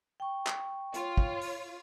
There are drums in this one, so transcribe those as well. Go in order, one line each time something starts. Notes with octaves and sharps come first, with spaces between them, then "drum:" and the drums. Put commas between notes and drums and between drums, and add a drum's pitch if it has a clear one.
G5 C#6
drum: clap
F4 C#5, drum: hi-hat
drum: kick
drum: open hi-hat